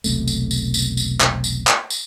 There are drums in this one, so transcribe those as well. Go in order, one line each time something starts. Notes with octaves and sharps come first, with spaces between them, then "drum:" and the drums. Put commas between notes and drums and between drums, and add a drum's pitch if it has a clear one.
E1 B1 C3 A3, drum: tambourine
drum: tambourine
drum: tambourine
drum: tambourine
drum: tambourine
drum: clap
drum: tambourine
drum: clap
drum: tambourine